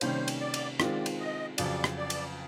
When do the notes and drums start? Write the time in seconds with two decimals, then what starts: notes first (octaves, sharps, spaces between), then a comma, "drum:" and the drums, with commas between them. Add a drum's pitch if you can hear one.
0.01 C3 D#3 G3 A#3 C#4 C5, drum: cymbal
0.28 drum: cymbal
0.41 D5
0.54 drum: cymbal
0.80 D#3 G#3 C4 F4 D5, drum: rim click
1.06 drum: cymbal
1.19 D#5
1.58 F2 C#3 F#3 D5, drum: cymbal
1.84 drum: rim click
1.97 D5
2.10 drum: cymbal